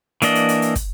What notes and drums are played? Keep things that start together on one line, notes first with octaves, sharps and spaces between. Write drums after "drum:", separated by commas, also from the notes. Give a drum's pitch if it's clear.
E3 A#3 D4 D#5, drum: hi-hat
drum: hi-hat
drum: hi-hat
drum: hi-hat
drum: kick, hi-hat